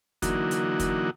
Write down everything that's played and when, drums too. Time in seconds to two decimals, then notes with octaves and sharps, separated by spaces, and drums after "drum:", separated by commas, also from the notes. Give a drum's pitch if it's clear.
0.22 D3 E3 F#3 A#3 D#4 F#4, drum: kick, hi-hat
0.51 drum: hi-hat
0.80 drum: kick, hi-hat